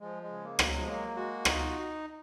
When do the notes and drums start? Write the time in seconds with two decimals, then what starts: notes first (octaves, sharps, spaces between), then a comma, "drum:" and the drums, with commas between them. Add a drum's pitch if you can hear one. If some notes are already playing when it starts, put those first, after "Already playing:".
0.01 F3 G#3
0.23 G#3
0.30 C#3
0.45 A#3
0.59 G#3, drum: rim click
0.67 F#3
0.80 F3
0.88 F#3 A#3
1.16 G#3 F#4
1.45 D#4 F4, drum: rim click